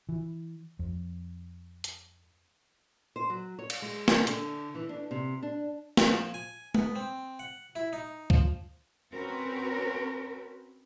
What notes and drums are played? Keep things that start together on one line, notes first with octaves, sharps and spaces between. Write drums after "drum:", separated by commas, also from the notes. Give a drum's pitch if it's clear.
E3
F2
drum: hi-hat
C5
F#3
C#5
drum: cymbal
G#3
C#3, drum: snare
D3, drum: hi-hat
E3
D4
C3
D4
drum: snare
F3
G#5
B3, drum: tom G#3
C4
F#5
E4
D#4
F3, drum: kick
C4 C#4 F#4 A#4 B4